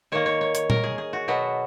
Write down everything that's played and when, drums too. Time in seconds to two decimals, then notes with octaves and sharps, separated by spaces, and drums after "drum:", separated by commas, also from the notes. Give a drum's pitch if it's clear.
0.12 D#3 A#3 C#5
0.26 C#5
0.41 C#5
0.55 C#5, drum: hi-hat
0.70 A#4, drum: tom
0.84 G#4
0.98 G#4
1.13 F#4
1.28 B2 F#3 B3